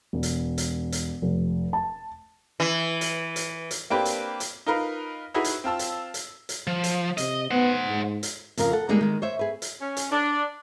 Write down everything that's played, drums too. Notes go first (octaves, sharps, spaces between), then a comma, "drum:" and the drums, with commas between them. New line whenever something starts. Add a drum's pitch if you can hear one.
E1
drum: hi-hat
drum: hi-hat
drum: hi-hat
F1
A5
E3
drum: hi-hat
drum: hi-hat
drum: hi-hat
A#3 C4 D4 G4 B4
drum: hi-hat
drum: hi-hat
D#4 F4 A#4 B4 F5
D#4 E4 F#4 G#4 B4
drum: hi-hat
C4 F4 A5 E6
drum: hi-hat
drum: hi-hat
drum: hi-hat
F3
drum: hi-hat
C3 D#5, drum: hi-hat
B3 C5 F#5
G#2
drum: hi-hat
F2 C#3 A#4 F5, drum: hi-hat
A4 F#5
D3 G3 G#3 A#3 D#4 G#4
D#3 G#3
C5 C#5 E5
G#4 B4
drum: hi-hat
C#4
drum: hi-hat
D4